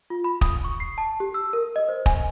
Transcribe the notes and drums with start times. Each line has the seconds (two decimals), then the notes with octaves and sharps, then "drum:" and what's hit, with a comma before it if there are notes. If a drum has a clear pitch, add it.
0.10 F4
0.24 B5
0.41 D#6, drum: kick
0.64 C#6
0.80 C7
0.98 A5
1.20 G4
1.34 E6
1.53 A#4
1.76 D#5
1.89 C5
2.06 G#5, drum: kick